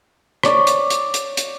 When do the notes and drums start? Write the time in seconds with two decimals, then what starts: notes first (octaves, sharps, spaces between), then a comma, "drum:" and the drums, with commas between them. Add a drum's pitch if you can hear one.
0.43 C#5 D5, drum: rim click
0.67 drum: hi-hat
0.90 drum: hi-hat
1.14 drum: hi-hat
1.37 drum: hi-hat